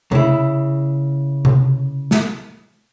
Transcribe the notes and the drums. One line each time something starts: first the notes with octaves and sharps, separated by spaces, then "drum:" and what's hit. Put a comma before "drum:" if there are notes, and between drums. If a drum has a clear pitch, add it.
C#3 E4, drum: tom C3
drum: tom C3
drum: snare